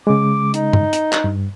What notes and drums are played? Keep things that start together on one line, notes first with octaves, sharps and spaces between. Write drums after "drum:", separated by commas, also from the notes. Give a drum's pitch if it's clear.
C#3 G#3 D6
D#4, drum: hi-hat
drum: tom G2
drum: hi-hat
drum: clap
G2